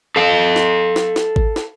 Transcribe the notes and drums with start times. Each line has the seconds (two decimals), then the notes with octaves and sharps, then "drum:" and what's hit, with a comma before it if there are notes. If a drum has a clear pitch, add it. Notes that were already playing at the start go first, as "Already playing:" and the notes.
0.16 A4 F5
0.56 drum: snare
0.96 drum: snare
1.16 drum: snare
1.36 drum: kick G#1
1.56 drum: snare